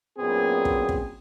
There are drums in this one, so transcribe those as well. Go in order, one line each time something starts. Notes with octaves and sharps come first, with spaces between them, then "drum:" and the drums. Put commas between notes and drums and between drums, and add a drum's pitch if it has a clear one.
F#2 A#2 B3 C4 G#4
drum: kick
drum: kick